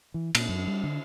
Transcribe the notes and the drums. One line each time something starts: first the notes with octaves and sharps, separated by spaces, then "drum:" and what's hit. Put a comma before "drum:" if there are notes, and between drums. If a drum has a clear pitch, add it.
E3
A#2, drum: cymbal
F#2
G3
D3